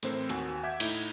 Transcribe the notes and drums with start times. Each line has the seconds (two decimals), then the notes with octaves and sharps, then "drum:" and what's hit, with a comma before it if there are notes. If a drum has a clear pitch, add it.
0.03 A2 E3 C4 A#4 C5 E6, drum: hi-hat
0.29 D#2 F#4 G#5, drum: hi-hat
0.63 E5 F#5 D6 G6 G#6 B6
0.80 A2 D#4 E4, drum: cymbal